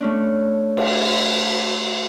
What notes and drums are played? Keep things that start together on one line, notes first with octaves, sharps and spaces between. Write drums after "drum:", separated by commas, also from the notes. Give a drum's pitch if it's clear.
A3 C#4 D4
drum: cymbal